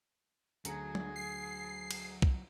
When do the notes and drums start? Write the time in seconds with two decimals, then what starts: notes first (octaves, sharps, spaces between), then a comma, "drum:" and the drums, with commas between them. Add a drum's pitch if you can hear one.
0.65 D2 F#3 G#4 A#5 C#7, drum: hi-hat
0.95 drum: tom F#3
1.16 C7
1.91 drum: cymbal
2.22 drum: kick C2